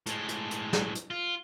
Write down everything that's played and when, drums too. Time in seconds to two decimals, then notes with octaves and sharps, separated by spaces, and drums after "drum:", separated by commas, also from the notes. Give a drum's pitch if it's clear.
0.06 A2 G#3, drum: hi-hat
0.29 drum: hi-hat
0.51 drum: hi-hat
0.73 drum: snare
0.95 drum: hi-hat
1.10 F4